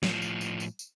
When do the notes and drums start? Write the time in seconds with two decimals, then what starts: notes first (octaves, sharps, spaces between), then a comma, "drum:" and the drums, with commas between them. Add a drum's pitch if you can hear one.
0.03 A2 F3, drum: snare
0.22 drum: tambourine
0.41 drum: tambourine
0.60 drum: tambourine
0.79 drum: tambourine